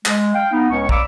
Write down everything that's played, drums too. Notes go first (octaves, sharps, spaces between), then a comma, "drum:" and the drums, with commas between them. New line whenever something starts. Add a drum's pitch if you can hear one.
G#3, drum: clap
F5 G5
B3 D#4
C#2 A2 C#4 C#6
D5 F5 A#5 B5 D6 E6, drum: kick